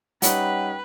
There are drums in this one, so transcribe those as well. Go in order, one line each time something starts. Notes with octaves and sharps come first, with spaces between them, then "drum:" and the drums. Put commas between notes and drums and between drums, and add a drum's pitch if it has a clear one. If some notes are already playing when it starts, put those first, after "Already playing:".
G3 C#4 D#4 B4 F#5 G5, drum: hi-hat